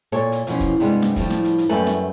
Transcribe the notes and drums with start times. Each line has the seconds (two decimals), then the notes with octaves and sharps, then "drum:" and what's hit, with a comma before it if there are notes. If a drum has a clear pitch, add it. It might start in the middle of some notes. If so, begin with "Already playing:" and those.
0.12 A#2 A4 C#5
0.32 drum: hi-hat
0.47 B2 E3 F3 C#4, drum: hi-hat
0.60 drum: kick, hi-hat
0.80 G2 C3 G3 G#3 B3 D4
1.02 drum: snare
1.16 A2 F3 G3, drum: kick, hi-hat
1.30 drum: snare
1.45 drum: hi-hat
1.59 drum: hi-hat
1.69 F#2 G3 A3 A4 B4 G#5
1.87 drum: snare